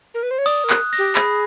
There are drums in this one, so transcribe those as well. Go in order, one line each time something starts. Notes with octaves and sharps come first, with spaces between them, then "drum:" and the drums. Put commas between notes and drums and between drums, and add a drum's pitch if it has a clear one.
A#4
B4
C5
C#5
D5 D#6, drum: cymbal
A#4
F#6, drum: clap
A#6, drum: cymbal
G4
G#4 B5, drum: clap